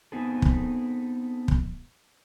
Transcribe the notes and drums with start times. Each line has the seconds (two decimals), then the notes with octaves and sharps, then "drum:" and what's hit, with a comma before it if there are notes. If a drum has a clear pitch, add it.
0.12 B3 C4 D#4 G#4 A4
0.42 drum: kick
1.48 drum: kick